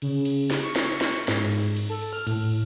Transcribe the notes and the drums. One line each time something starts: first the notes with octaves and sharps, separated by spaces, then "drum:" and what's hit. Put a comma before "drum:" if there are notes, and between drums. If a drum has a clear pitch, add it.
C#3, drum: cymbal
drum: cymbal
drum: snare
C#6
drum: snare
drum: snare
G#2, drum: snare
drum: cymbal
drum: cymbal
A4
drum: cymbal
F6
A2, drum: cymbal